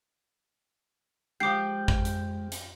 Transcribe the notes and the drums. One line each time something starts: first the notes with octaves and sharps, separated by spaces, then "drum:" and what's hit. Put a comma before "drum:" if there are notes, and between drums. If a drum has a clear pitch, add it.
F3 G#3 G4 D6 G6 C7
drum: kick
drum: hi-hat
drum: hi-hat